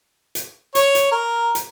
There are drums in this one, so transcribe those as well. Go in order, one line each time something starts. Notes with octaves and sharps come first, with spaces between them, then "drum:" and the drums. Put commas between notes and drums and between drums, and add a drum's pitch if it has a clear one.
drum: hi-hat
C#5, drum: hi-hat
drum: hi-hat
A#4
drum: hi-hat